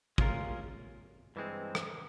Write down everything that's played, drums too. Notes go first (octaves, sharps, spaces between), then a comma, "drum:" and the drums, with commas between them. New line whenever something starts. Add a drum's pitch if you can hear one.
G#3 C#4 F4 A#4, drum: kick
G2 E3 G#3 C4
drum: rim click